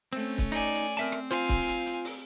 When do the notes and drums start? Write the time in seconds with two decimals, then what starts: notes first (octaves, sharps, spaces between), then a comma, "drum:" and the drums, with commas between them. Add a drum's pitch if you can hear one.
0.13 A3 C4 C#4
0.38 drum: kick C#1, hi-hat
0.52 D#4 D5 G#5
0.75 drum: hi-hat
0.97 C4 A#4 E5 A5
1.12 drum: rim click
1.31 F4 C5 F5 G#5, drum: hi-hat
1.49 drum: kick C#1, hi-hat
1.68 drum: hi-hat
1.86 drum: hi-hat
2.05 drum: open hi-hat